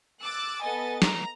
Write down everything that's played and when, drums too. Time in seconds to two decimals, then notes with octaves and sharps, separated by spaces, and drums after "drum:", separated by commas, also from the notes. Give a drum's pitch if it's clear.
0.23 D6 E6 F#6 A6
0.62 B3 A4 D#5 G#5 A6
1.02 A#5, drum: snare